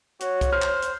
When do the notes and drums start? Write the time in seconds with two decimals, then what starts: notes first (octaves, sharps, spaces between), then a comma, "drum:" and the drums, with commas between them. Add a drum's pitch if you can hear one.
0.21 F#4 C#5, drum: hi-hat
0.41 drum: kick, hi-hat
0.52 C5 F6
0.62 drum: clap
0.83 drum: hi-hat